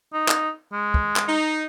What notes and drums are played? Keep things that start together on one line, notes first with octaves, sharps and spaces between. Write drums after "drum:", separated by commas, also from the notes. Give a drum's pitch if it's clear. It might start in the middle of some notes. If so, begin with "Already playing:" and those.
D#4
drum: clap
G#3
drum: kick
drum: clap
D#4